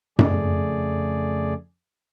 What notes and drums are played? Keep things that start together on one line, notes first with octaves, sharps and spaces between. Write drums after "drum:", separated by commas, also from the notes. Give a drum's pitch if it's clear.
F2 C#3 A3 G#4 D5, drum: tom F#2